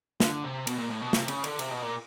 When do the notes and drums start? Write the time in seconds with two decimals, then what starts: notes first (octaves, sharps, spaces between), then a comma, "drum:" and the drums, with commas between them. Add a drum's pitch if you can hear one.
0.20 D3, drum: snare
0.44 C3
0.67 B2, drum: cymbal
0.78 A#2
0.90 A2
1.02 B2
1.13 C3, drum: snare
1.28 C#3, drum: cymbal
1.44 D3, drum: cymbal
1.59 C3, drum: cymbal
1.71 B2
1.82 A#2